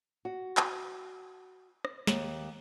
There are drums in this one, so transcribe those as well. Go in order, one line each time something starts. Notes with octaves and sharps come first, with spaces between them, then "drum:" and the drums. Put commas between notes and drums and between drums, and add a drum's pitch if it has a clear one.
F#4
drum: clap
drum: rim click
D#2, drum: snare